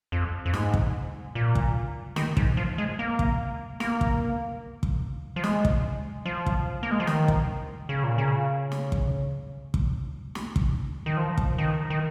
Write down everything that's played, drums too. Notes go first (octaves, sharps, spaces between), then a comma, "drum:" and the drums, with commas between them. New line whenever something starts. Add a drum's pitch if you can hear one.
F2
F2
G#2, drum: snare
drum: kick
A#2
drum: kick
D#3, drum: snare
G#2, drum: kick
F3
G#3
A#3
drum: kick
A#3, drum: snare
drum: kick
drum: kick
F3
G#3, drum: snare
drum: kick
F3
drum: kick
A#3
G#3
F3
D#3, drum: snare
drum: kick
C#3
A#2
C#3
drum: snare
drum: kick
drum: kick
drum: snare
drum: kick
D#3
F3
drum: kick
D#3
D#3